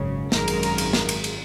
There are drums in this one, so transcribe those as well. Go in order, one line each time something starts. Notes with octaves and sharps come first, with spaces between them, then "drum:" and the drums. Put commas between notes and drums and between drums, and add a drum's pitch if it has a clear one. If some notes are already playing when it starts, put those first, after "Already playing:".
Already playing: G#1 F#2 C#3
G#1 F#2 D#3 G#3 A#4, drum: snare
drum: cymbal
drum: cymbal
drum: cymbal
drum: snare
drum: cymbal
drum: cymbal